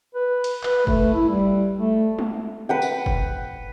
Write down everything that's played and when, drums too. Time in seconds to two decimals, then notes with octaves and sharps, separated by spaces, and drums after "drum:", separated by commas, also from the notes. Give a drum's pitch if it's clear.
0.15 B4
0.44 drum: cymbal
0.63 B4, drum: clap
0.87 A3, drum: kick
1.14 E4
1.30 G3
1.78 A3
2.19 drum: tom G#3
2.69 B4 F#5 G5
2.82 drum: tambourine
3.06 drum: kick